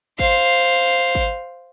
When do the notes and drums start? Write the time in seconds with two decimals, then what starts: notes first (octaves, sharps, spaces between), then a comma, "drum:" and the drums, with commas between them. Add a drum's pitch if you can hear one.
0.19 C5 F5, drum: kick G#1
1.15 drum: kick G#1